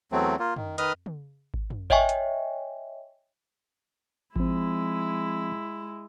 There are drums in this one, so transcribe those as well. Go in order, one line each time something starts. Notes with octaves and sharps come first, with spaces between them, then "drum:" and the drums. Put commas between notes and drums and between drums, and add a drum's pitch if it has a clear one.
E2 F#3 A3 C4
A#3 F4
D#3, drum: tom
D#3 B4 D#5 D#6 F6, drum: hi-hat
drum: tom
drum: kick G#1
drum: tom
C#5 D#5 E5 G5 G#5 C#6, drum: kick G#1
drum: hi-hat
F3 G#3 C4 E4, drum: kick G#1